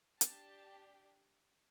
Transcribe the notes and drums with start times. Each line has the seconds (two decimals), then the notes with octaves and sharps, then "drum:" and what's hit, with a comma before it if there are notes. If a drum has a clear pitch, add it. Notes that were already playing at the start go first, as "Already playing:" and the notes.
0.21 D4 G4 A5, drum: hi-hat